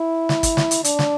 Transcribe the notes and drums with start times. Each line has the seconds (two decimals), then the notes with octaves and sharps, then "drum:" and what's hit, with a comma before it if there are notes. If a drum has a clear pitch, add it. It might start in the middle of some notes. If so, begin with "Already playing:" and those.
Already playing: E4
0.29 drum: snare
0.43 drum: kick, hi-hat
0.57 drum: snare
0.71 drum: hi-hat
0.84 D4, drum: hi-hat
0.99 drum: snare